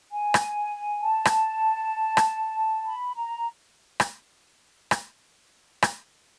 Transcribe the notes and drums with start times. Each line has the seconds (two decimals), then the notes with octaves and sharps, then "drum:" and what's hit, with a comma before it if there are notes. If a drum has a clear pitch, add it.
0.11 G#5
0.34 drum: rim click
1.02 A5
1.25 drum: rim click
2.17 drum: rim click
2.86 B5
3.15 A#5
4.00 drum: rim click
4.91 drum: rim click
5.82 drum: rim click